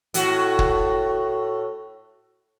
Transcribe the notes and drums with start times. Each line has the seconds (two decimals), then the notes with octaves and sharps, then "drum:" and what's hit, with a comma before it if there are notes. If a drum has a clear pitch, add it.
0.14 A2 F#4, drum: hi-hat
0.59 drum: kick